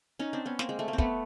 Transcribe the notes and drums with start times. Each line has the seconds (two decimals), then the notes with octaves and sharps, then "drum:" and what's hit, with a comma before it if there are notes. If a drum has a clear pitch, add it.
0.19 C#4 D#4
0.33 C4 D4
0.46 B3 C#4
0.59 A#3 C4, drum: snare
0.69 G#3
0.79 A3
0.88 A#3
0.93 C4
0.98 A3 B3, drum: kick